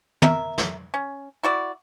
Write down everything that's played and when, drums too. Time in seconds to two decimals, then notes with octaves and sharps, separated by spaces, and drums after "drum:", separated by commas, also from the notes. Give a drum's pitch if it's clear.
0.22 A#4 E5, drum: tom
0.58 drum: snare
0.94 C#4
1.43 E4 F#4 D5